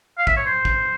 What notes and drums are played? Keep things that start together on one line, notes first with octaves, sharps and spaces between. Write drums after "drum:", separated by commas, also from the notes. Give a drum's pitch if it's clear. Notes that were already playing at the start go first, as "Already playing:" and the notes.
F5
E5, drum: kick
C#5
C5
drum: kick